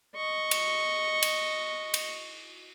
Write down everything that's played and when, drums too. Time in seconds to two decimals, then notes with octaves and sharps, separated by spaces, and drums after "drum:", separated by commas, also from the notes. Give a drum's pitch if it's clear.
0.16 D#5 C#6
0.51 drum: cymbal
1.22 drum: cymbal
1.94 drum: cymbal